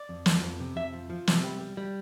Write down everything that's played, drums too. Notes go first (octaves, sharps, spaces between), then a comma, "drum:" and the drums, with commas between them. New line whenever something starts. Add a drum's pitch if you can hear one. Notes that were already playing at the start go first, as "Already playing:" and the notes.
Already playing: D5
F2
F3, drum: snare
F2
C3
F2 E5
F3
F3
C3, drum: snare
G3
G3
G3